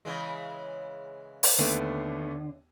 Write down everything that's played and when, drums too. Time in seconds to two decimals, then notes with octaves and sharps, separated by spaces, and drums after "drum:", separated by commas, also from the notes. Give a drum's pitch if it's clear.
0.05 C#3 E3 G#3
1.43 drum: open hi-hat
1.59 D#2 D3 A3 B3